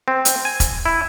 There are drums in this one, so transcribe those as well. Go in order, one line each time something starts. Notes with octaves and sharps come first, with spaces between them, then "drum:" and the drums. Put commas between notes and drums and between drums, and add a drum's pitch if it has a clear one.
C4
drum: hi-hat
G#5
drum: kick E1, hi-hat
E4